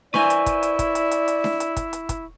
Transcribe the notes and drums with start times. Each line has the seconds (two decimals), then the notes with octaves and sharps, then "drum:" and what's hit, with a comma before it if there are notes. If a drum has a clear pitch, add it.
0.14 E4 B4 C5 D5 G#5 C#6, drum: snare D4
0.30 drum: hi-hat
0.46 drum: kick, hi-hat
0.63 drum: hi-hat
0.79 drum: kick, hi-hat
0.95 drum: hi-hat
1.11 drum: hi-hat
1.28 drum: hi-hat
1.44 drum: snare D4
1.60 drum: hi-hat
1.77 drum: kick, hi-hat
1.93 drum: hi-hat
2.09 drum: kick, hi-hat